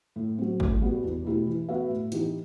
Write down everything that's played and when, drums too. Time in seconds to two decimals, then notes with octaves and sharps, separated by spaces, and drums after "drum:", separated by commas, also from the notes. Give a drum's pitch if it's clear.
0.16 A2
0.38 F#3 C4
0.60 A2, drum: kick G#1
0.81 G3 B3 F#4
1.03 E2
1.25 B2 A3 E4 G4
1.47 E3
1.69 B3 F#4 B4 E5
1.90 A2
2.12 E3 B3 D#4 G4, drum: hi-hat